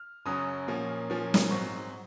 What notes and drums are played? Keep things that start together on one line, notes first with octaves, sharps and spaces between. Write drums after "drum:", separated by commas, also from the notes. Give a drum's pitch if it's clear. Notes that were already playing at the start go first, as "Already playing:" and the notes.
Already playing: F6
F#2 C#3 F#3 C#4 D#6
A#2 F3 A#3 C#4
A#2 F3 A#3 C#4
drum: snare
G#2 F#3 C4 C#6